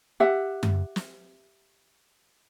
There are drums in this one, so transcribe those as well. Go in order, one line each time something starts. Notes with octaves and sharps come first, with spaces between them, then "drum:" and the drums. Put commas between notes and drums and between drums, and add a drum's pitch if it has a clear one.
G4 E5 F#5
drum: tom F#2
drum: snare